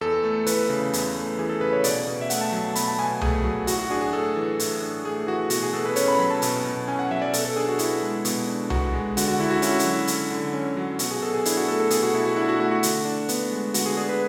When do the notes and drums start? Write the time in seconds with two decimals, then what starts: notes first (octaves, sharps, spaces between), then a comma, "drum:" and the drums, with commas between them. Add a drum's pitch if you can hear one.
0.01 E2 A4
0.24 A3
0.47 E3 B4, drum: hi-hat
0.69 C#3
0.93 E2, drum: hi-hat
1.16 A3
1.38 E3 G#4
1.49 A4
1.61 C#3 B4
1.73 C#5
1.84 B2 D5, drum: hi-hat
2.07 B2
2.21 E5
2.30 A3 F#5, drum: hi-hat
2.41 A5
2.52 F#3 A5
2.65 A5
2.75 B2 B5, drum: hi-hat
2.88 A5
2.98 B2 G#5
3.21 A3 G#4, drum: tom C2
3.44 F#3
3.67 A2 F#4, drum: hi-hat
3.79 F#4
3.90 D4 G#4
4.01 G#4
4.13 A3 A4
4.36 E3
4.59 A2, drum: hi-hat
4.82 D4
5.04 A3 G#4
5.27 E3 F#4
5.50 B2 F#4, drum: hi-hat
5.62 G#4
5.73 B2 A4
5.85 B4
5.96 C#4 C#5, drum: hi-hat
6.08 B5
6.19 F#3 B5
6.30 A5
6.42 B2 A5, drum: hi-hat
6.64 B2
6.88 C#4 G#5
6.99 F#5
7.11 F#3 E5
7.22 D5
7.33 B2 A4, drum: hi-hat
7.45 A4
7.56 D4 G#4
7.68 F#4
7.79 B3 E4, drum: hi-hat
8.03 G#3
8.25 B2, drum: hi-hat
8.47 D4
8.70 B3 F#4, drum: tom C2
8.94 G#3
9.17 D3 F#4, drum: hi-hat
9.28 F#4
9.39 D3 E4
9.50 F#4
9.62 C#4 E4, drum: hi-hat
9.71 F#4
9.79 E4, drum: hi-hat
9.85 F#3
10.07 D3, drum: hi-hat
10.30 D3
10.54 C#4
10.77 F#3
10.99 B2 F#4, drum: hi-hat
11.11 G#4
11.22 B2 A4
11.34 G#4
11.45 D4 E4, drum: hi-hat
11.57 F#4
11.68 A3 A4
11.80 A4
11.90 B2 G#4, drum: hi-hat
12.03 F#4
12.14 B2 E4
12.25 F#4
12.36 D4 E4
12.49 F#4
12.60 A3 F#4
12.71 F#4
12.83 D3, drum: hi-hat
13.05 D4
13.29 B3, drum: hi-hat
13.51 G#3
13.74 D3 F#4, drum: hi-hat
13.86 G#4
13.97 D4 G#4
14.09 B4